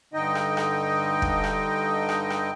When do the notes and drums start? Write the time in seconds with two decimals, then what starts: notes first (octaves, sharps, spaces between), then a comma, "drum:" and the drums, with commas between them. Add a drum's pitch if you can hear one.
0.14 G2 D3 D#4 D#5 G5
0.35 drum: rim click
0.57 drum: rim click
1.22 drum: kick
1.44 drum: rim click
2.09 drum: rim click
2.30 drum: rim click